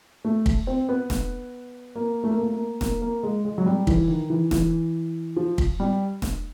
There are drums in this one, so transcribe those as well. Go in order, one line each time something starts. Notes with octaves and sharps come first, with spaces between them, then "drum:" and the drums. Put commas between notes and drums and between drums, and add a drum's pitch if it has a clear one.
A3
drum: kick
C4
B3
drum: snare E1
A#3
A3
A#3
A3
A#3
A#3, drum: snare E1
A#3
G#3
G#3
F#3
G3
E3, drum: kick
D#3
E3
E3, drum: snare E1
F3
drum: kick
G3
drum: snare E1